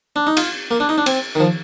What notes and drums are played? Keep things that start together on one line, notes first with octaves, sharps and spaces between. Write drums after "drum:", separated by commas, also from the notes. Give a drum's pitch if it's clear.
D4
D#4
F4, drum: cymbal
A#3
D4
D#4
D4
C4, drum: cymbal
D#3
F3